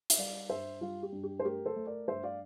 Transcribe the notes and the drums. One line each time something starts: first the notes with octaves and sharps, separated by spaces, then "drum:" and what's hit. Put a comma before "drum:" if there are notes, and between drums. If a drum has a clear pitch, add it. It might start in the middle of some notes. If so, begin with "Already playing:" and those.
E5, drum: hi-hat
G3 D5 F5
G2 C5 E5
G3 F4
G4
G2
G4
C5
A3 G4 A#4
A4 C5
A3
A#4 D5
G2 C5 E5
D5 F5